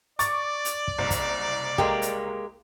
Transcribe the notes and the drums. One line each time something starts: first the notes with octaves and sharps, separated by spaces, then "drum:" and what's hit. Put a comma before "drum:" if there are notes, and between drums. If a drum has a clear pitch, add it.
D5 C#6 D6 A6, drum: hi-hat
drum: hi-hat
drum: kick
F#1 C2
drum: kick, hi-hat
G#3 A#3 G4, drum: kick
drum: hi-hat